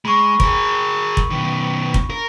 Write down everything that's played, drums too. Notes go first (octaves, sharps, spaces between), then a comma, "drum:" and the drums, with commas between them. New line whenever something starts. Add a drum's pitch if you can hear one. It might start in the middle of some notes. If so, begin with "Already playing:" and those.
G#3 B5 C#6
G#4 A#4, drum: kick
drum: kick
B2 D#3
drum: kick
A#4